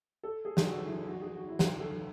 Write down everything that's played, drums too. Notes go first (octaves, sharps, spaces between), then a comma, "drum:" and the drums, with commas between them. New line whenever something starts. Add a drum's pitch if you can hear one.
A4
G#4
G#4, drum: snare
F#4
E4
F#4
G#4
F#4
E4
E4, drum: snare
A4